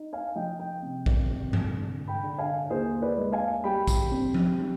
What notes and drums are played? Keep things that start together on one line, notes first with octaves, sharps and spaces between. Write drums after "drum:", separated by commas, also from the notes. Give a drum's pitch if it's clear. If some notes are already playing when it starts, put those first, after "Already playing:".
Already playing: D#4
F5 G#5
F3 D#5 G5
D#5 G5
C3
drum: kick A#1
C3
drum: tom G2
D3
G5 B5
D3
F5 G#5
D#2 G#4 C5
B4 D5
G#3
F5 G#5
G3 G5 B5
drum: kick A#1, tambourine
C4
drum: tom F3
G3